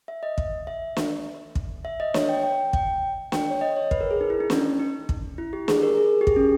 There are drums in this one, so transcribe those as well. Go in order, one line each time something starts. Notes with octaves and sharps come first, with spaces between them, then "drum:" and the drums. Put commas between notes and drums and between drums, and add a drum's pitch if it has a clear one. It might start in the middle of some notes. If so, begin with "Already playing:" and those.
E5
D#5
drum: kick
E5
drum: snare
drum: kick
E5
D#5
C#5, drum: snare
G5
G5
G5, drum: kick
G5, drum: snare
C#5
D#5
C#5
B4, drum: kick
A#4
G#4
D#4
E4
D#4
C#4, drum: snare
D#4
drum: kick
E4
G4
G#4, drum: snare
A#4
G#4
G4
G#4, drum: kick
C#4